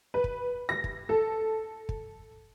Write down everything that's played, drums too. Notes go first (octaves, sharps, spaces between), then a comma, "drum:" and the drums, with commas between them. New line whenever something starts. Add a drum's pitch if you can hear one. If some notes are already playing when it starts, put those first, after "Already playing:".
B4
drum: kick
A#6
drum: kick
A4
drum: kick